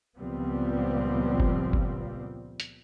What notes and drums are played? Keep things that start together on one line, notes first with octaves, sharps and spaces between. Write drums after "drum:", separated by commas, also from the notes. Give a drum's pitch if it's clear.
C#2 A#2 F3 G3 B3 C4
drum: kick F#1
drum: kick F#1
drum: hi-hat